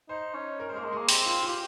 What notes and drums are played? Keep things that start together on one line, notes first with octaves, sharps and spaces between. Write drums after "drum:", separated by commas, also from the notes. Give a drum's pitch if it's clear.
D#4 C5
C#4
A#4
C5
G#3
A#3 A#4
G#3
A#3 G#4
C4 G4, drum: open hi-hat
F4
F4 G4